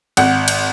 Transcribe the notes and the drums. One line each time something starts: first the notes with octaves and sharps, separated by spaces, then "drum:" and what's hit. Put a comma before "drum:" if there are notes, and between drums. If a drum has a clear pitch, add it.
G#1 F#5, drum: cymbal
drum: cymbal